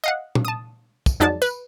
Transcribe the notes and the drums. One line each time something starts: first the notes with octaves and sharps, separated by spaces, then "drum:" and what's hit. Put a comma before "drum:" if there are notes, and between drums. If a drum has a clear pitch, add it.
D#5 F5 F#5
drum: tom
A5 D#6
drum: kick, tambourine
F2 F#3 G#3 D#4 D5 A5
B4, drum: tambourine